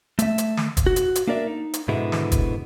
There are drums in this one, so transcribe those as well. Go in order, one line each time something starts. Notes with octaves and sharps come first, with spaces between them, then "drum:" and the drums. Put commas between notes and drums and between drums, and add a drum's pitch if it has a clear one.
A3 E5, drum: hi-hat
drum: hi-hat
drum: snare
drum: kick, hi-hat
F#4
drum: hi-hat
drum: hi-hat
A#3 D4 A#4 D5 E5
D#4
drum: hi-hat
G#2 B2 D3 G#3 B3 E4
drum: snare
drum: kick, hi-hat